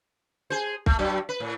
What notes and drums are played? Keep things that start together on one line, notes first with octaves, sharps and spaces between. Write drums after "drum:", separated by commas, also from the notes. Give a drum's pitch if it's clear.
G#4 C5
A3, drum: kick
G2 F#3
B4
A2